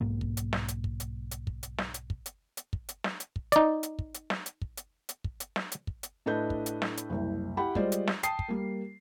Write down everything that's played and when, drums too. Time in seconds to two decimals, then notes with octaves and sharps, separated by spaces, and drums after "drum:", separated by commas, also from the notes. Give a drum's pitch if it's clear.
0.01 B1 G#2 A#3
0.21 drum: kick
0.37 drum: hi-hat
0.53 drum: snare
0.68 drum: hi-hat
0.84 drum: kick
1.00 drum: hi-hat
1.31 drum: hi-hat
1.47 drum: kick
1.63 drum: hi-hat
1.78 drum: snare
1.94 drum: hi-hat
2.10 drum: kick
2.26 drum: hi-hat
2.57 drum: hi-hat
2.73 drum: kick
2.89 drum: hi-hat
3.04 drum: snare
3.20 drum: hi-hat
3.36 drum: kick
3.52 D#4 D5, drum: hi-hat
3.83 drum: hi-hat
3.99 drum: kick
4.14 drum: hi-hat
4.30 drum: snare
4.46 drum: hi-hat
4.62 drum: kick
4.77 drum: hi-hat
5.09 drum: hi-hat
5.24 drum: kick
5.40 drum: hi-hat
5.56 drum: snare
5.72 drum: hi-hat
5.87 drum: kick
6.03 drum: hi-hat
6.26 A2 D4 A4 B4 D#5 G6
6.50 drum: kick
6.66 drum: hi-hat
6.82 drum: snare
6.97 drum: hi-hat
7.10 F#1 C2
7.57 E4 G4 F#5 G5 B5
7.75 G3 G#3 F4 C5 D5 D#5, drum: kick
7.92 drum: hi-hat
8.07 drum: snare
8.23 G5 A5 D#6 C7, drum: hi-hat
8.39 drum: kick
8.48 G3 A#3